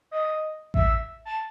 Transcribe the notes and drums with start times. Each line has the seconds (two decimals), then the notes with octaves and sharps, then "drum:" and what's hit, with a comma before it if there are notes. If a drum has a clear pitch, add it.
0.11 D#5
0.74 E5, drum: kick A1
1.25 A5